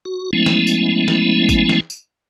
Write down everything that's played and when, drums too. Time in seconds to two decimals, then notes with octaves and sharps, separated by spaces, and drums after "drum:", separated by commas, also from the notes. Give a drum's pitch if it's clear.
0.05 F#4
0.33 F3 G#3 A3 B3 C#4 E4
0.46 drum: snare
0.67 drum: tambourine
1.08 drum: snare
1.49 drum: kick, tambourine
1.69 drum: snare
1.90 drum: tambourine